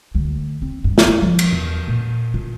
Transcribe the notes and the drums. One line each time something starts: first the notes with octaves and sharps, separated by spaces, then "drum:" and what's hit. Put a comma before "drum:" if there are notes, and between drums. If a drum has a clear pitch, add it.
D2
C4
G2
drum: snare
F3
drum: cymbal
E2
A#2
F4